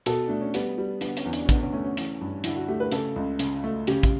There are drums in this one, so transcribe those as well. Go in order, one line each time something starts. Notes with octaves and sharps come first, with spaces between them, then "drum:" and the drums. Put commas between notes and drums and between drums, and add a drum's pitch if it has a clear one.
B2 A4, drum: hi-hat
A3 D4
C#4
G3 B3, drum: hi-hat
G3
D3 B3, drum: hi-hat
C#4, drum: hi-hat
E2
D4, drum: hi-hat
C#4
D3 B3, drum: kick, hi-hat
C#4
A3 C#4
C#4
E3, drum: hi-hat
G2
D3 E4, drum: hi-hat
F#4
A3 G4
B4
C#3 A4, drum: hi-hat
C#2
C#3, drum: hi-hat
A3
C#3 G4, drum: hi-hat
drum: kick, hi-hat